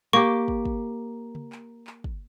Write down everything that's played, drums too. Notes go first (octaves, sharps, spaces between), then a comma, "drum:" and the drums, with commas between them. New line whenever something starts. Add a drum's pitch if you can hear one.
A#3 G4 C#6
drum: kick
drum: kick
drum: tom C#3
drum: clap
drum: clap
drum: kick